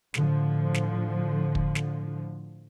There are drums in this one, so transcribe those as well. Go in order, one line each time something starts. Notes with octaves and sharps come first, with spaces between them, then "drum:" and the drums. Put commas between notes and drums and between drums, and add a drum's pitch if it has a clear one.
A2 D3 F3, drum: snare
drum: snare
drum: kick
drum: snare